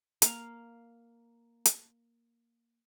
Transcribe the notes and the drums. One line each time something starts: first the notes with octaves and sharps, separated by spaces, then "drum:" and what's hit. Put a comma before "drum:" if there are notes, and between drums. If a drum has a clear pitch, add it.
A#3 F5, drum: hi-hat
drum: hi-hat